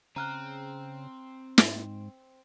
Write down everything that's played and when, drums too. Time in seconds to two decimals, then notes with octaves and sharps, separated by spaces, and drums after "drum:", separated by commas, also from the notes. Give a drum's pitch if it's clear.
0.16 C#3 C4 A#5 F6 F#6
1.58 G#2, drum: snare